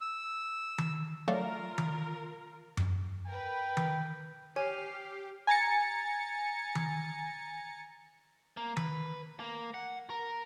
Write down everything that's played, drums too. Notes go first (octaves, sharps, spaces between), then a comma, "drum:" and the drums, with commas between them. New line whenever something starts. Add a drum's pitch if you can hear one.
E6
drum: tom D#3
F#3 A3 F4 A#4 D5 F5
drum: tom D#3
drum: tom F#2
A#4 B4 G5
drum: tom D#3
G4 C#5 G#5 F6 C7
G#5 A#5 A6 C#7
drum: tom D#3
A#3
B4, drum: tom D#3
A#3
F#5
A#4